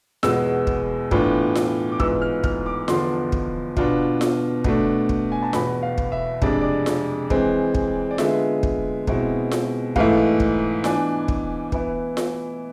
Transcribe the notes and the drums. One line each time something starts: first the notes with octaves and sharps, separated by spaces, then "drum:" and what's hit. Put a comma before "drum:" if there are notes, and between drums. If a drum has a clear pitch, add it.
E2 B2 G#3 B3 E6, drum: snare F4
drum: kick
A2 E3 B3 D4 F4, drum: kick
drum: snare F4
D6
G#2 E3 B3 F4 E6, drum: kick
F6
F6, drum: kick
D6
E2 D3 F3 B3 D4 C6, drum: snare F4
drum: kick
B2 B3 D4 F4, drum: kick
drum: snare F4
B2 A3 D4, drum: kick
drum: kick
G#5
A5
E2 B2 B3 B5, drum: snare F4
F5
drum: kick
E5
F2 C3 G#3 D4 D5, drum: kick
D5
drum: snare F4
E3 G#3 C4, drum: kick
drum: kick
D5
D3 G#3 B3 F4 E5, drum: snare F4
drum: kick
B2 G#3 C4 E4, drum: kick
drum: snare F4
G#2 E3 A3 E4 F5, drum: kick
drum: kick
E3 B3 D4 G#5, drum: snare F4
drum: kick
E3 B3 E4, drum: kick
drum: snare F4